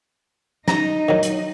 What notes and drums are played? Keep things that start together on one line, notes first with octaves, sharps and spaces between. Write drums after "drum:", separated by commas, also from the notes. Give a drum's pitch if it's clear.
D#4 D#5 A#5, drum: snare
D#3 F#3
drum: hi-hat